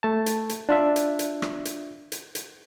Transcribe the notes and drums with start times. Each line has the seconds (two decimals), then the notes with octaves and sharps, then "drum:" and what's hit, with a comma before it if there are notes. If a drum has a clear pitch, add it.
0.03 A3 A5
0.26 drum: hi-hat
0.49 drum: hi-hat
0.69 D4 F4 E5
0.96 drum: hi-hat
1.19 drum: hi-hat
1.42 drum: rim click
1.65 drum: hi-hat
2.12 drum: hi-hat
2.35 drum: hi-hat